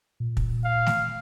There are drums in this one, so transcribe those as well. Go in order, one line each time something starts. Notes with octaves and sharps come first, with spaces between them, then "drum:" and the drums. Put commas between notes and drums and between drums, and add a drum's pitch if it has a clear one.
A#2
drum: kick
F5
drum: snare A3